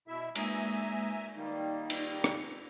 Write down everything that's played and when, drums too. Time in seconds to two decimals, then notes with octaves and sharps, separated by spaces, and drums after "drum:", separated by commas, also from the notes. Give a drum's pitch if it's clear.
0.08 B2 E4 E5
0.35 G#3 A#3 E5 G#5 A#5 D#6, drum: cymbal
1.36 D#3 G3 A#3 D#4
1.90 drum: cymbal
2.24 drum: rim click